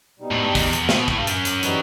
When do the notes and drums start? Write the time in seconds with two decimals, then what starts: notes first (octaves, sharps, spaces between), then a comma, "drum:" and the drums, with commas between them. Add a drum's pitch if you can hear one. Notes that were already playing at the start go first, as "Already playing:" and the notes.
0.20 B2 G3 D#4
0.31 A2
0.43 G2
0.55 E2, drum: kick, open hi-hat
0.73 drum: hi-hat
0.89 C3, drum: snare
0.98 B2
1.08 A2, drum: kick
1.18 G2
1.27 F#2, drum: hi-hat
1.45 drum: hi-hat
1.63 E3 G3 D#4 F#4 B4, drum: hi-hat